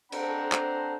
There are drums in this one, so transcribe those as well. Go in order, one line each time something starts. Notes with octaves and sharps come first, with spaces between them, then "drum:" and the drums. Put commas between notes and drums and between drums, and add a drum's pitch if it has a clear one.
C4 D4 A4 C5 F#5 A#5, drum: cymbal
drum: clap